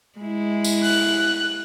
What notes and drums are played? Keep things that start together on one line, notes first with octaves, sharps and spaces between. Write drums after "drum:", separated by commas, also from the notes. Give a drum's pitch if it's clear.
G#3 E4
drum: tambourine
F#6, drum: open hi-hat